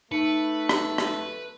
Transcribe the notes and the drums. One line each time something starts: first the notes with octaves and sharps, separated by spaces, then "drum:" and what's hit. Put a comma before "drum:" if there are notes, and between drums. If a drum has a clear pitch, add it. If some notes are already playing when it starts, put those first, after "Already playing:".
A3 D#4 B4 C#7
drum: rim click
drum: rim click